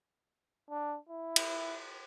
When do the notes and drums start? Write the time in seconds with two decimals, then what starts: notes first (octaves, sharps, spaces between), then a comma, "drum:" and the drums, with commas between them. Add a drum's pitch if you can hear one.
0.70 D4
1.09 E4
1.36 drum: cymbal